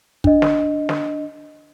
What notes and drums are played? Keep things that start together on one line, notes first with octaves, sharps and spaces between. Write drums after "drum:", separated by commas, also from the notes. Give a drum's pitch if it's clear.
D4 D#5, drum: kick
drum: snare
drum: snare